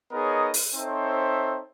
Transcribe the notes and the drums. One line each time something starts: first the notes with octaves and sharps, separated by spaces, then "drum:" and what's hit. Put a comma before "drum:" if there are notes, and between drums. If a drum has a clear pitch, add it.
B3 D#4 G#4 A#4 C#5 D#5
drum: open hi-hat
C4 D#4 A4 C5 C#5 E5